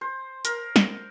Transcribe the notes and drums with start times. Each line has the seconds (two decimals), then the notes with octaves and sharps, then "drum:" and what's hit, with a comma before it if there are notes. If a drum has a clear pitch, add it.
0.01 C5
0.45 A#4, drum: hi-hat
0.76 drum: snare